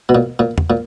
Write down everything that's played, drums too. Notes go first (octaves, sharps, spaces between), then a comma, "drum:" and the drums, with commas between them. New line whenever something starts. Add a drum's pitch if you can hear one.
B2
A#2
A#2
drum: tom E2
A#2